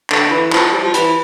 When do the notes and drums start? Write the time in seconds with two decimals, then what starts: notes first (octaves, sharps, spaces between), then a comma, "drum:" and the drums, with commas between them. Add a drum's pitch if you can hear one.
0.10 D3, drum: clap
0.31 E3
0.52 F3, drum: clap
0.72 G3
0.84 F3
0.94 E3, drum: hi-hat